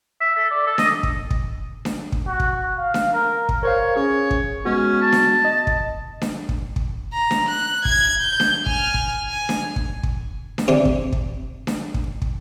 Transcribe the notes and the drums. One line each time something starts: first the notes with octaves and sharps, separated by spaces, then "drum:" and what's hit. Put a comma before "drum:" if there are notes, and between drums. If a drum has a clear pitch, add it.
E5
A4
D5
A4
D#5, drum: snare D4
drum: kick
drum: kick
drum: snare D4
drum: kick
F#4
drum: kick
F5
drum: snare D4
A#4
drum: kick
A#4 C5 C#5 F5
C#4 G#4 C#5
drum: kick
G#3 B3 C#4 F#4
A5
drum: snare D4
D#5
drum: kick
drum: snare D4
drum: kick
drum: kick
A#5
drum: snare D4
F#6
G#6, drum: kick
G6
drum: snare D4
G#5 F6, drum: kick
drum: kick
G#5
drum: snare D4
drum: kick
drum: kick
drum: snare D4
C3 D4
drum: kick
drum: kick
drum: snare D4
drum: kick
drum: kick